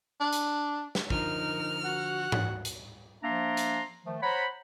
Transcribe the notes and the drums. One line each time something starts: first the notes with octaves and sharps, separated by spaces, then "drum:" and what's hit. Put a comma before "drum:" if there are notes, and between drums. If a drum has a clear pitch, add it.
D4
drum: hi-hat
drum: snare
D3 F3 D#4 A#4 F6, drum: kick
F#4 F#5
drum: tom G#2
drum: hi-hat
F3 A#3 D4 E5 A#5 C6
drum: hi-hat
D#3 F3 A3
C5 C#5 F#5 A#5 B5